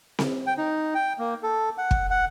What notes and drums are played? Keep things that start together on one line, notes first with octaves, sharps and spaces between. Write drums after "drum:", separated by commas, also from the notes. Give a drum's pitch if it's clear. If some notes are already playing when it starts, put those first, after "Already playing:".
drum: snare C4
G5
D#4
G5
A#3
A4
F#5
drum: kick
F#5